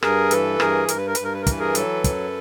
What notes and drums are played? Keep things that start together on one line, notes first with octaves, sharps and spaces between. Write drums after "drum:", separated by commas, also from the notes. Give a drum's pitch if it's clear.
G2 G#4 A#4, drum: rim click
E3 A4 B4, drum: hi-hat
G2 G#4 A#4, drum: rim click
G2 A#4, drum: hi-hat
B4
A#4
G2 B4, drum: hi-hat
A#4
B4
A#4
E3 B4, drum: kick, hi-hat
G#4 A#4
F#3 A4 B4, drum: hi-hat
F#2, drum: kick, hi-hat